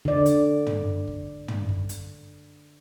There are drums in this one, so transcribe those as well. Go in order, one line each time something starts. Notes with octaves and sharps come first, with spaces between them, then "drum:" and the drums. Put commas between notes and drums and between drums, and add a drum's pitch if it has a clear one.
D3 D5, drum: kick G1
drum: hi-hat
drum: tom
drum: kick G1
drum: tom
drum: kick G1
drum: hi-hat